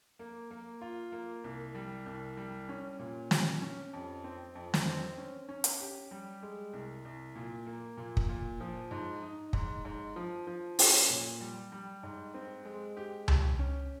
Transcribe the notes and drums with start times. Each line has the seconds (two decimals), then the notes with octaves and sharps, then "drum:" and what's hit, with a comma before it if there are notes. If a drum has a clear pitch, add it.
0.19 A#3
0.51 A#3
0.81 F4
1.12 A#3
1.44 C2
1.75 G3
2.06 C2
2.37 G3
2.69 C#4
2.99 A#2
3.31 G4, drum: snare
3.62 C#4
3.93 F2
4.24 C4
4.55 F2
4.74 drum: snare
4.87 C4
5.18 C#4
5.49 C#4
5.64 drum: hi-hat
5.80 G4
6.11 G3
6.42 G#3
6.73 C2
7.05 C2
7.36 A#2
7.66 A#3
7.97 A#2
8.17 drum: kick
8.29 A#2
8.60 F3
8.91 G#2
9.22 D#4
9.53 G#2, drum: kick
9.85 G#2
10.16 F3
10.47 F3
10.79 C#4, drum: open hi-hat
11.10 A#2
11.41 G3
11.72 G3
12.03 G#2
12.34 C4
12.65 G#3
12.97 G4
13.28 G4, drum: tom C#2
13.59 C#4